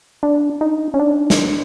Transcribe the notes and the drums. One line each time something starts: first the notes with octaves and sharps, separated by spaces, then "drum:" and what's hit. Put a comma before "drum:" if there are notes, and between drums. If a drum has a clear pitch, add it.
D4
D#4
C#4
D4
drum: snare